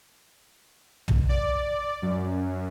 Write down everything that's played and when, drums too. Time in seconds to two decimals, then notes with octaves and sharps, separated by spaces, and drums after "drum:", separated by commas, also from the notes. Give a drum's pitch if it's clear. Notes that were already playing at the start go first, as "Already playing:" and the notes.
1.08 drum: tom
1.29 D5
2.02 F#2